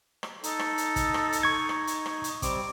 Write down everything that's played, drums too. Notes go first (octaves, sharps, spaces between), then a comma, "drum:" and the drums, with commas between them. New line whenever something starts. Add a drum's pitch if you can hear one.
drum: rim click
D#4 A4, drum: hi-hat
drum: rim click
drum: hi-hat
drum: kick, hi-hat
drum: rim click
drum: hi-hat
C#6 G#6
drum: rim click
drum: hi-hat
drum: rim click
drum: hi-hat
G3 C4 D6, drum: kick, hi-hat